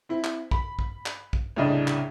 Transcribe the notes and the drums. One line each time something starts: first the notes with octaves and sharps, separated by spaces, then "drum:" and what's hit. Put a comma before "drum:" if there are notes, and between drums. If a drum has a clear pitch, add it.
C4 E4
drum: clap
B5, drum: kick
drum: kick
drum: clap
drum: kick
C2 A2 C#3 D4 D#5
drum: clap